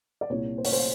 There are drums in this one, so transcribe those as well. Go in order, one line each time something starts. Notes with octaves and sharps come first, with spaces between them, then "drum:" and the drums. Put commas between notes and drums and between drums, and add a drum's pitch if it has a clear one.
D5
C2 A#2 C#5
C5
C#5, drum: open hi-hat
C5